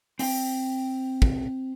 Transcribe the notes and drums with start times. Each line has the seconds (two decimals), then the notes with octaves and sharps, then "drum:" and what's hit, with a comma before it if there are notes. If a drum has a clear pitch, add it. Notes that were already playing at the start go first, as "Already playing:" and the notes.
0.19 C4 G5, drum: open hi-hat
1.22 drum: kick